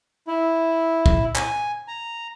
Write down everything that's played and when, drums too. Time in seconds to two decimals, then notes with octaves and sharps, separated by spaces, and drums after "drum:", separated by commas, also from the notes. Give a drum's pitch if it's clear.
0.27 E4
1.06 drum: kick
1.35 G#5, drum: clap
1.88 A#5